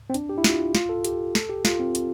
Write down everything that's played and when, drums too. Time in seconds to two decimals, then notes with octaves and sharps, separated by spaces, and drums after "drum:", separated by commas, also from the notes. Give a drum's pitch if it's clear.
0.10 C4
0.14 D4, drum: hi-hat
0.29 G4
0.38 E4
0.44 F4, drum: snare
0.75 F4, drum: snare
0.89 A4
1.05 G4, drum: hi-hat
1.35 A4, drum: snare
1.50 G4
1.65 F4, drum: snare
1.80 C4
1.95 drum: hi-hat